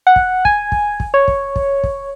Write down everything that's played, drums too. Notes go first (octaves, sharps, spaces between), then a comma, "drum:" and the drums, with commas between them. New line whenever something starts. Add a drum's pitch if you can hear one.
F#5
drum: kick
G#5, drum: kick
drum: kick
drum: kick
C#5
drum: kick
drum: kick
drum: kick